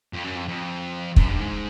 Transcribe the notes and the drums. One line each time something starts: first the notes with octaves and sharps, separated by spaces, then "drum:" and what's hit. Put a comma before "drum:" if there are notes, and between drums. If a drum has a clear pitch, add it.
F2
F#2
F2
F2
F#2, drum: kick
G2
G#2